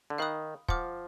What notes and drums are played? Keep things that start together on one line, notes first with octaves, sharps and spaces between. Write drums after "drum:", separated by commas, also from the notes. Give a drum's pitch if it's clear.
D3
D#3 F5 B5 D#6 F#6
F3 F#5 D6 F6, drum: kick